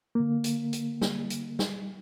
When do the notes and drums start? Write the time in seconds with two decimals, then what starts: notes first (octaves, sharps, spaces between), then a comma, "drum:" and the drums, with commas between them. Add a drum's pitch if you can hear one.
0.15 D3 A#3
0.44 drum: hi-hat
0.73 drum: hi-hat
1.01 drum: snare
1.30 drum: hi-hat
1.59 drum: snare